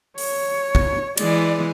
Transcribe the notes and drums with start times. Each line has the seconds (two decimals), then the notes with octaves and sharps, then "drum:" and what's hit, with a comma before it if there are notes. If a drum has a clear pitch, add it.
0.18 C#5, drum: open hi-hat
0.75 drum: kick
1.17 E3 G#3 D5, drum: cymbal